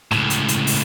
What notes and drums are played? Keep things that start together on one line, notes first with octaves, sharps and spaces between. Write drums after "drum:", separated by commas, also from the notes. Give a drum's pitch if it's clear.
C#2 A2, drum: rim click
drum: hi-hat
drum: hi-hat
drum: open hi-hat